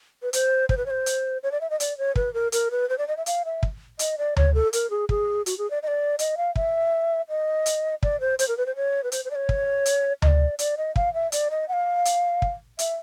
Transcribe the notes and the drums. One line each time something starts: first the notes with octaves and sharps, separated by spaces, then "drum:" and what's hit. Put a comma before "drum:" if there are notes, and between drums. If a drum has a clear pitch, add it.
B4
C5, drum: hi-hat
C5, drum: kick
B4
C#5
C5
drum: hi-hat
C#5
D5
E5
D#5
D5, drum: hi-hat
C#5
B4, drum: kick
A#4
A#4, drum: hi-hat
B4
C5
D5
D#5
E5
F5, drum: hi-hat
E5
drum: kick
D#5, drum: hi-hat
D5
C#5, drum: tom D2
A4
A#4, drum: hi-hat
G#4
G#4, drum: kick
F#4, drum: hi-hat
G#4
D5
D#5
D5
D#5, drum: hi-hat
F5
E5, drum: kick
D#5
drum: hi-hat
D5, drum: kick
C5
C5, drum: hi-hat
A#4
B4
C5
C#5
B4
C5, drum: hi-hat
C5
D5
C#5
drum: kick
drum: hi-hat
D#5, drum: tom D2
D5
D5, drum: hi-hat
D#5
F5, drum: kick
E5
D5, drum: hi-hat
D#5
F#5
F5
drum: hi-hat
drum: kick
E5, drum: hi-hat